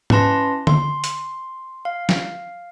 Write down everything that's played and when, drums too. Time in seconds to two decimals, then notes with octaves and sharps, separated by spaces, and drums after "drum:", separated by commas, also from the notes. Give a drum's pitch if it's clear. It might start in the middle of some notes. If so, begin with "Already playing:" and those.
0.10 C#4 E4 B4 A5 C6 A#6, drum: tom G#2
0.67 C6, drum: tom D3
1.04 drum: hi-hat
1.85 F5
2.09 drum: snare